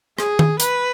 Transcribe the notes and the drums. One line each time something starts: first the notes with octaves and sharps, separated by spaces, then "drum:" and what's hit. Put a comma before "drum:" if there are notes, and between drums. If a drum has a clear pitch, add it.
G#4, drum: rim click
drum: tom D#3
B4, drum: hi-hat